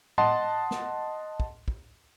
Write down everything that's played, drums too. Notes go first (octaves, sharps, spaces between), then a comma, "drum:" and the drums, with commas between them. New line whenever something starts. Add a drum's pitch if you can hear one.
D#5 F#5 A5 C6, drum: tom A2
drum: snare
drum: kick
drum: kick